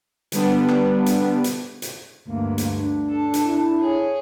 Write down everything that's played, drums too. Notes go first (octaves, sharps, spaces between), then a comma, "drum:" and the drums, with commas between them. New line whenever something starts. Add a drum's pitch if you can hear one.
D3 G3 B3 D4, drum: hi-hat
drum: rim click
drum: hi-hat
drum: hi-hat
drum: hi-hat
D2 G2 A#3
drum: hi-hat
D4
A4
drum: hi-hat
E4
G#4 C#5